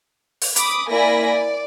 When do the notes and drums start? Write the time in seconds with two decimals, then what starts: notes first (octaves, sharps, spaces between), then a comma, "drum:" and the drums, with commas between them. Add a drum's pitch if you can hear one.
0.42 drum: open hi-hat
0.56 B5 D6 D#6, drum: hi-hat
0.88 A#3 E4 D5 G#5 B5 A#6
1.25 D5